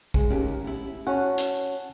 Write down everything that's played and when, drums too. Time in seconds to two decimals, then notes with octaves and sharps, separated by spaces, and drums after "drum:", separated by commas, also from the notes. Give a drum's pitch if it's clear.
0.14 G#3, drum: kick
0.30 D#2 C#4 G4
0.64 B3 E4
1.07 C#4 F#4 F#5 A5
1.38 drum: hi-hat